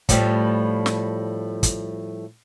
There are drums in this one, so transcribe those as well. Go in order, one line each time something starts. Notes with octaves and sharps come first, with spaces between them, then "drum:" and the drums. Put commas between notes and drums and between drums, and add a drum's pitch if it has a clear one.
A2 F3 G3, drum: kick, hi-hat
drum: snare
drum: kick, hi-hat